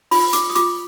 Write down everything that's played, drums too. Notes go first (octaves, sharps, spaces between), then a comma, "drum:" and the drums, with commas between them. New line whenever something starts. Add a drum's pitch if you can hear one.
F4 B5, drum: open hi-hat
D6, drum: hi-hat
D#6
F4 D6, drum: hi-hat